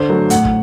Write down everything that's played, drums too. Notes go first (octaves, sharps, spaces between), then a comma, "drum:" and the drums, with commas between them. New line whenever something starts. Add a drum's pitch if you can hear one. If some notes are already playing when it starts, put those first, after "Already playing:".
Already playing: D3 C5
F#3 A3
A2 F#5, drum: hi-hat
drum: kick